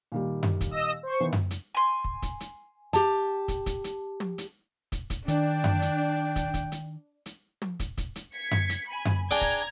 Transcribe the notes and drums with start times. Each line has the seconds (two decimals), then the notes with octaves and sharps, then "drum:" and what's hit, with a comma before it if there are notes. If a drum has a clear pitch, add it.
0.12 A#2 D#3 G3
0.43 drum: tom F#2
0.61 drum: kick, hi-hat
0.71 D#5 E6 A#6
1.03 C5 C#6
1.20 D#3 E3 B3
1.33 drum: tom F#2
1.51 drum: hi-hat
1.74 G#5 C6
2.04 drum: kick
2.22 drum: kick, hi-hat
2.40 drum: hi-hat
2.93 G4 A5, drum: hi-hat
3.48 drum: kick, hi-hat
3.66 drum: kick, hi-hat
3.84 drum: hi-hat
4.20 drum: tom
4.38 drum: hi-hat
4.92 drum: kick, hi-hat
5.10 drum: kick, hi-hat
5.28 D#3 D4 G5, drum: hi-hat
5.64 drum: tom F#2
5.82 drum: hi-hat
6.36 drum: kick, hi-hat
6.54 drum: kick, hi-hat
6.72 drum: hi-hat
7.26 drum: hi-hat
7.62 drum: tom
7.80 drum: kick, hi-hat
7.98 drum: kick, hi-hat
8.16 drum: hi-hat
8.35 G#6 B6 C#7
8.51 drum: tom F#2
8.69 drum: hi-hat
8.88 G#5 B5
9.05 drum: tom F#2
9.31 D4 G#4 G5 A#5 G#6
9.41 drum: kick, hi-hat